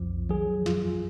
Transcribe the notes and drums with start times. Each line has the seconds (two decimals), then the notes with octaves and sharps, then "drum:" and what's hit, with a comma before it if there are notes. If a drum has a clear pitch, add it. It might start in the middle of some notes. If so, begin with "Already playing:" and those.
Already playing: B1 F2 F3
0.29 F#3 G#4, drum: tom D#3
0.66 F#2 F4, drum: snare